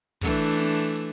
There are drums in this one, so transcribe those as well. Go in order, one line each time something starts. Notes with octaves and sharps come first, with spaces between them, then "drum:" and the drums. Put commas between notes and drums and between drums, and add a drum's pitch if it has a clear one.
E3 A3 D4, drum: kick, hi-hat
drum: snare
drum: hi-hat